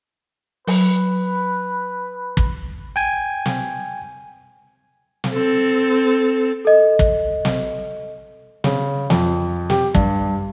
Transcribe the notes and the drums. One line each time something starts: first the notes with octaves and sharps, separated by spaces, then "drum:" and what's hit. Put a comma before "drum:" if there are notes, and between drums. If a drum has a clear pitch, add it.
F#3 B4, drum: open hi-hat
drum: kick
G5 G#5
drum: snare
drum: snare
C4 A4
A4 D#5
drum: kick
drum: snare
C#3, drum: snare
F2, drum: snare
G4, drum: snare
G2, drum: kick